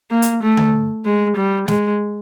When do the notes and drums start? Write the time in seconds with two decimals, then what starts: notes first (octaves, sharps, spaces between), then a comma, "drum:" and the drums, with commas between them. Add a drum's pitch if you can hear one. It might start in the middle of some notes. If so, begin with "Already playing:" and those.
0.11 A#3
0.22 drum: hi-hat
0.43 A3
0.57 drum: tom D3
1.06 G#3
1.36 G3
1.68 G#3, drum: snare